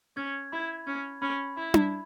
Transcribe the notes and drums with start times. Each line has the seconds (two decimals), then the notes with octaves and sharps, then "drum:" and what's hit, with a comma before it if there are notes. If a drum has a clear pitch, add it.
0.16 C#4 G#6
0.52 E4 B5
0.87 C#4 G#6
1.22 C#4 B5
1.57 E4 B5
1.74 drum: tom D4